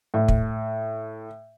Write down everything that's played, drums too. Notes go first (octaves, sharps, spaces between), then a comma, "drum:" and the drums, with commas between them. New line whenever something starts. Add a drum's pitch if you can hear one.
A2
drum: kick